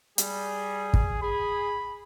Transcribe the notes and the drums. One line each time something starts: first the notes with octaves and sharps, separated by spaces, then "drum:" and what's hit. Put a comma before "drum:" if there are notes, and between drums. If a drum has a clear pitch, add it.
G3 G#4, drum: hi-hat
drum: kick
G#4 B5